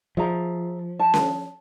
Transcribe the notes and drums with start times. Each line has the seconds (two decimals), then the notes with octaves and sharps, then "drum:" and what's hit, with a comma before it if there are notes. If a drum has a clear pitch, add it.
0.17 F3 G#4 E5 A#5
0.99 A5
1.14 drum: snare C#4